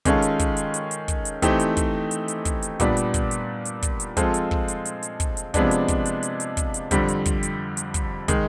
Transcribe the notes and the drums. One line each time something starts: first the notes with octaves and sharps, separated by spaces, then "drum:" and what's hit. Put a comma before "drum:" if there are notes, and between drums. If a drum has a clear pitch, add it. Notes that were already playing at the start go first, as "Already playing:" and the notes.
D#3 G#3 C#4 F4 A4, drum: kick, hi-hat
drum: hi-hat
drum: kick, hi-hat
drum: hi-hat
drum: hi-hat
drum: hi-hat
drum: kick, hi-hat
drum: hi-hat
E3 A3 C4 D#4 G4, drum: kick, hi-hat
drum: hi-hat
drum: kick, hi-hat
drum: hi-hat
drum: hi-hat
drum: kick, hi-hat
drum: hi-hat
A#2 G3 B3 D4, drum: kick, hi-hat
drum: hi-hat
drum: kick, hi-hat
drum: hi-hat
drum: hi-hat
drum: kick, hi-hat
drum: hi-hat
F3 G#3 C4 F4 A4, drum: kick, hi-hat
drum: hi-hat
drum: kick
drum: hi-hat
drum: hi-hat
drum: hi-hat
drum: kick, hi-hat
drum: hi-hat
C3 F3 G#3 B3 D4, drum: kick, hi-hat
drum: hi-hat
drum: kick, hi-hat
drum: hi-hat
drum: hi-hat
drum: hi-hat
drum: kick, hi-hat
drum: hi-hat
F2 D3 G3 C4, drum: kick, hi-hat
drum: hi-hat
drum: kick, hi-hat
drum: hi-hat
drum: hi-hat
drum: kick, hi-hat
D#3 G#3, drum: kick, hi-hat